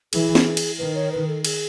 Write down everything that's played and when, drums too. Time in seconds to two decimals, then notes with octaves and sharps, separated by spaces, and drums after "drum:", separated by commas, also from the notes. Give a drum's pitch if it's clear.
0.13 E3 G#4, drum: cymbal
0.35 drum: snare
0.57 drum: cymbal
0.78 D#3 B4
0.95 C#5
1.12 B4
1.28 A4
1.45 G#4, drum: cymbal